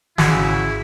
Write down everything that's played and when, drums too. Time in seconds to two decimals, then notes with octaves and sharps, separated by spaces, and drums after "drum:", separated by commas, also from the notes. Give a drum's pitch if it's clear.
0.18 G#1 C#3 E4 F#4 G#5, drum: snare